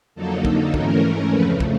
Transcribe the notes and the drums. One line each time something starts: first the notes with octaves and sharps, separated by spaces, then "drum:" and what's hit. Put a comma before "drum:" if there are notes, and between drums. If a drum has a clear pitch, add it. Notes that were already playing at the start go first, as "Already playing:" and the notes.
F2 D3 F#3 A#3 D#4 A4
drum: kick
G#2 E3 A3 C#4 A#4, drum: kick
F2 C#3 F3 A3 B4
drum: kick